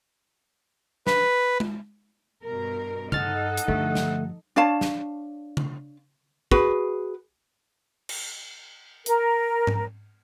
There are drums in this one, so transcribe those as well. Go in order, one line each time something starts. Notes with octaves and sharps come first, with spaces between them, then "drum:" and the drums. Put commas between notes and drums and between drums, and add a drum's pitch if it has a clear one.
B4, drum: snare
drum: tom G#3
G2 B2 A#4
G2 D#4 A4 D#5 F#5 F6 A6, drum: tom C#3
drum: hi-hat
G2 D3 F3 A3
drum: snare
D4 C#5 F5 A5
drum: snare
drum: tom C#3
F#4 G#4 B4, drum: kick
drum: cymbal
A#4, drum: hi-hat
drum: tom G#2